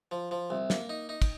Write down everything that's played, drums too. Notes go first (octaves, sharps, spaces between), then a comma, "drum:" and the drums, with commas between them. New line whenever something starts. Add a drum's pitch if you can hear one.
F3
F3
C2
A#3, drum: snare
D#4
D#4
drum: kick, cymbal